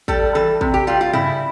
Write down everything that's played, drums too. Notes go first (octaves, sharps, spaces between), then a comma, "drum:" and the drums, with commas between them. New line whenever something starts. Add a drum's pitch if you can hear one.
G3 A4, drum: kick
E3 A4
C3, drum: kick
G4
G3 F4
F4
C#3 E4, drum: tom G2